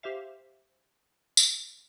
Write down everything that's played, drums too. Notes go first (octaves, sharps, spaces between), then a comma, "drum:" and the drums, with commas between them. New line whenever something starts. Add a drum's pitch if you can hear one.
G4 C5 E5 F5
drum: tambourine